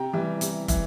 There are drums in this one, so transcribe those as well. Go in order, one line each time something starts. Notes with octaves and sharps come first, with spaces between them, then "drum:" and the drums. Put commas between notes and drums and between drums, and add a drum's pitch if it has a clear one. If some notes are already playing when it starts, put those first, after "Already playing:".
Already playing: C3 G5 A#5
E3 G3
C3, drum: hi-hat
E3, drum: kick, hi-hat